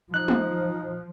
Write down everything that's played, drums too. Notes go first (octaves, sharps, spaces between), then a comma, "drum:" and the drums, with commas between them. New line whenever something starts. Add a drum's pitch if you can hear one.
F3 D#4 F#6
drum: tom G#3